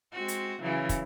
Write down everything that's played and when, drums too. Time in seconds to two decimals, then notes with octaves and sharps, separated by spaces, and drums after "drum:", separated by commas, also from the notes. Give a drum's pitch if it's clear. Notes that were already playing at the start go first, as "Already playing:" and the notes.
0.13 G#3 C4 F#4
0.28 drum: hi-hat
0.62 C#3 E3 F#3
0.89 drum: kick, hi-hat